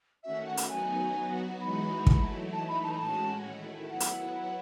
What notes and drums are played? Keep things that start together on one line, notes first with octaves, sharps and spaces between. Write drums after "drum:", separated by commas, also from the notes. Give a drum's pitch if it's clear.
D#3 A3 C#4 F#4 E5
F#5
drum: hi-hat
F#3 B3 D#4 F#4 G#5
F#3 B3 F#4
E3 G#3 D#4 F#4 B5
F#3 A3 E4, drum: kick
E3 A3 D#4 A5
B5
A5
B5
A2 G#3 C#4 F#4 A5
D#3 A3 E4
F#3 B3 E4 F#5
drum: hi-hat